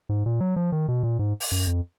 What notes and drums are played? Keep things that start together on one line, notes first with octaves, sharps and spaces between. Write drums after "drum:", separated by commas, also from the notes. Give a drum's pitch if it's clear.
G#2
A#2
F#3
F3
D#3
B2
A#2
G#2
drum: open hi-hat
F#2
F2